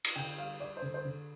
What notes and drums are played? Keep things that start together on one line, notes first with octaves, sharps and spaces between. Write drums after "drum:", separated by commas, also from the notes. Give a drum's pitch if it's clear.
drum: cymbal
D3 G5
G3 F5
G3 D5
C5
D3
C5
D3